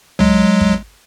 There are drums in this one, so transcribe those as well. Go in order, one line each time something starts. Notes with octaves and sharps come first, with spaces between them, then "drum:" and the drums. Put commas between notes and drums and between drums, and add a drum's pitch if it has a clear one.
F#3 G#3, drum: tom
drum: kick